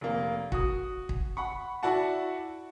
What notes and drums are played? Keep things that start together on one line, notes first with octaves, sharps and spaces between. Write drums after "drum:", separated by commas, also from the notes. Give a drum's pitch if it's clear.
F1 A#3
F#4 D#6, drum: kick
drum: kick
F#5 B5 C#6
E4 F#4 D5 F#5 A5